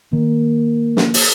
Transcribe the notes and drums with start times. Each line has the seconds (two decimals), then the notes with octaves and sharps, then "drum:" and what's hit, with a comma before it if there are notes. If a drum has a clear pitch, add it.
0.13 D#3 A#3
0.97 drum: snare
1.14 drum: open hi-hat